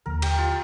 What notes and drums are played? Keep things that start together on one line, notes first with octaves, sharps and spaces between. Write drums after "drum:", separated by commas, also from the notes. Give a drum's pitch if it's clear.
D#2 D3 F3 A#4
G4, drum: cymbal
F4